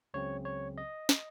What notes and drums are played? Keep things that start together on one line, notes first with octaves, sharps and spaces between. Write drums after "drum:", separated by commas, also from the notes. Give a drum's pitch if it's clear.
C#2 C#3 F#3 C4 C#5
C#5
D#5
drum: snare